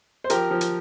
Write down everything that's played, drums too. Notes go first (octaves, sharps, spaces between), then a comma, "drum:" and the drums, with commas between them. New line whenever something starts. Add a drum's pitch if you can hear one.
C5
F3 G4 A#4, drum: hi-hat
F3
drum: hi-hat